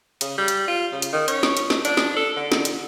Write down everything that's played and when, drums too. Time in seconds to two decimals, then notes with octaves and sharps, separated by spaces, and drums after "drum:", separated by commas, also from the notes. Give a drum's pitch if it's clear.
0.21 C#3, drum: hi-hat
0.38 G3
0.48 drum: hi-hat
0.68 F4
0.92 C#3
1.02 drum: hi-hat
1.13 D#3
1.28 C#4, drum: hi-hat
1.43 drum: snare
1.57 drum: hi-hat
1.70 drum: snare
1.85 D4, drum: hi-hat
1.97 drum: snare
2.17 A4
2.37 D3
2.52 drum: snare
2.65 drum: hi-hat